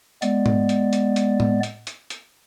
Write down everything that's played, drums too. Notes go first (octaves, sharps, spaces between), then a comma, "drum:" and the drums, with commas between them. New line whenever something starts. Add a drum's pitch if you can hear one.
G#3 B3 D5, drum: hi-hat
drum: tom G#2
drum: hi-hat
drum: hi-hat
drum: hi-hat
drum: tom
drum: hi-hat
drum: hi-hat
drum: hi-hat